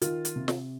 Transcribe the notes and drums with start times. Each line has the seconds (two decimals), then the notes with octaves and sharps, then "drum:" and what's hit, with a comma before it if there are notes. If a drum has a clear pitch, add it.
0.02 D#3 F4, drum: hi-hat
0.25 drum: hi-hat
0.36 C3
0.48 drum: snare